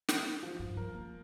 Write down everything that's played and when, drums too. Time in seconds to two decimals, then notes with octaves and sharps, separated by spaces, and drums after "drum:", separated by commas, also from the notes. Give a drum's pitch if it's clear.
0.09 D4, drum: snare
0.43 F3
0.59 G2
0.76 G3 A#4
0.94 A#3